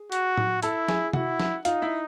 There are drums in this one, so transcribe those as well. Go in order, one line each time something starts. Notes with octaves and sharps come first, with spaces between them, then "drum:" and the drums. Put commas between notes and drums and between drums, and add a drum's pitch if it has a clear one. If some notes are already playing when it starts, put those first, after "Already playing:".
Already playing: G#4
F#4, drum: hi-hat
drum: tom A2
E4 A4 A5, drum: hi-hat
G#4 G#5, drum: snare
E4 F#4 F#5, drum: tom C3
drum: snare
D#4 F4 F5, drum: hi-hat
E4 E5